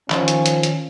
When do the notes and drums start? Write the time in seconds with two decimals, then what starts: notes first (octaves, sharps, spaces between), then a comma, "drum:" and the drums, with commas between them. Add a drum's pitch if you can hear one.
0.10 D#3 F3 C#4, drum: clap
0.28 drum: hi-hat
0.46 drum: hi-hat
0.63 drum: hi-hat